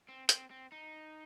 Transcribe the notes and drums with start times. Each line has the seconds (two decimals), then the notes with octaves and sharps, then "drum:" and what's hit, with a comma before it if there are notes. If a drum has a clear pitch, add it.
0.09 C4
0.29 C4, drum: hi-hat
0.51 C4
0.72 D#4